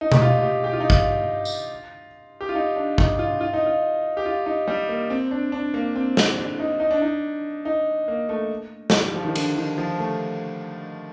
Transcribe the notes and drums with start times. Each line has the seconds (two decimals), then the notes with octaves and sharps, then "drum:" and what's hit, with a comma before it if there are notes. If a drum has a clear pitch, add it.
0.01 D#4
0.12 G4, drum: tom B2
0.21 F4
0.43 G4
0.64 G4
0.73 F4
0.80 D#4
0.90 F4, drum: kick
1.45 drum: tambourine
2.41 G4
2.49 F4
2.55 D#4
2.76 D4
2.98 D#4, drum: kick
3.19 F4
3.41 F4
3.53 D#4
3.66 F4
4.17 G4
4.26 F4
4.46 D#4
4.67 G3
4.89 A#3
5.10 C4
5.31 D4
5.52 D4
5.74 A#3
5.96 C4
6.17 C4, drum: snare
6.37 D4
6.59 D#4
6.80 D#4
6.91 D4
7.02 D#4
7.65 D#4
8.08 A#3
8.29 A3
8.90 drum: snare
9.03 G3
9.14 F3
9.25 D#3
9.35 D3, drum: cymbal
9.56 D#3
9.78 F3
9.98 A3